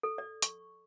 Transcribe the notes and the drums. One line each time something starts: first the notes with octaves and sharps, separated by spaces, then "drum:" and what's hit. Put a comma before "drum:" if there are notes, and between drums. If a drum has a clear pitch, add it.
A4
D5
C#6, drum: hi-hat